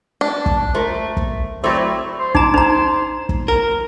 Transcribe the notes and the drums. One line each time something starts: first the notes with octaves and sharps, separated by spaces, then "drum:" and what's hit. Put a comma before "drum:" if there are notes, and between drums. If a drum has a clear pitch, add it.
D4
drum: kick
A3 A#4 C5
drum: kick
F#3 A3 C4 E4 C5 D5
C5
D#4 A#5 D6, drum: kick
D#4 C5 A#5
drum: kick
A#4